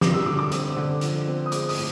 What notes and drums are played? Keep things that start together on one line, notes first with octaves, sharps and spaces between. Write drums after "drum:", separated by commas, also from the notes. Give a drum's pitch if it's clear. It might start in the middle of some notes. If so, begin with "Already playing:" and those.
G3 D6, drum: snare
E6
D3 D6
D6
C4, drum: hi-hat
D3
F3, drum: hi-hat
C4
D#6
G#3 D6, drum: hi-hat
D#6, drum: open hi-hat
A2